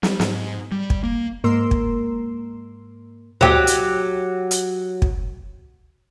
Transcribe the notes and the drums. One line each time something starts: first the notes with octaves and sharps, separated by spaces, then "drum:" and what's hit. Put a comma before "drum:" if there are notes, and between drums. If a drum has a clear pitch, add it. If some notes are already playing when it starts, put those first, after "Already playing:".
G3, drum: snare
G#2, drum: snare
G3
drum: kick
A#3
G#2 A#3 A#4 A#5 C6 E6
drum: kick
F#3 G4, drum: tom D2
drum: hi-hat
drum: hi-hat
drum: kick